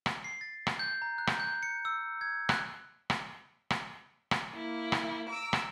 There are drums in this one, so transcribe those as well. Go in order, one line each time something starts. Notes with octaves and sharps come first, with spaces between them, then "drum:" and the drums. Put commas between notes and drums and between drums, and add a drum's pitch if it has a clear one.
drum: rim click
C7
A6
drum: rim click
G6
A#5
F#6
drum: rim click
G6
C#7
E6
G#6
F#6, drum: rim click
drum: rim click
drum: rim click
drum: rim click
A#3 E4
drum: rim click
A#5 D6 E6
drum: rim click